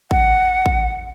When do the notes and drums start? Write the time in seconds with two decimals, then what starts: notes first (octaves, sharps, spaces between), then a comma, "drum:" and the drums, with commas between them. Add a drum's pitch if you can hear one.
0.11 F#5, drum: kick A1
0.66 drum: kick A1